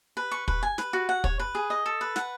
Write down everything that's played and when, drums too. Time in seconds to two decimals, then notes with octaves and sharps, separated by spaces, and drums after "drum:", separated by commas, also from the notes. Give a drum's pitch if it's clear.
0.17 B4
0.31 C#6
0.48 B4, drum: kick
0.63 G#5
0.78 B4, drum: snare
0.93 F#4
1.09 F#5
1.24 C#5, drum: kick
1.39 B4
1.55 G#4
1.70 D#5
1.86 A4
2.01 B4
2.16 F#5, drum: snare